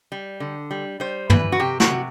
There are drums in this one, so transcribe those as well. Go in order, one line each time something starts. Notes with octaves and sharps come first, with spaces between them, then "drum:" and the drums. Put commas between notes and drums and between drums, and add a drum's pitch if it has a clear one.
G3
D3
G3
G3 C5
E3 B4, drum: tom
F#4
C3 G4
F#4, drum: snare
C3